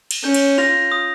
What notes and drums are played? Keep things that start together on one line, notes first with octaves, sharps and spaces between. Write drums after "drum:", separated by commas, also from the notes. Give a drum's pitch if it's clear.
drum: cymbal
C#4 G6
drum: cymbal
F4 A#6 F7
D#6